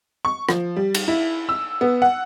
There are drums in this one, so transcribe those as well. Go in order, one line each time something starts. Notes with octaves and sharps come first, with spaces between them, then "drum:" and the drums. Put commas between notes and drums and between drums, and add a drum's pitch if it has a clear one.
C#6
F3, drum: rim click
G3
drum: cymbal
E4
E6
B3
F#5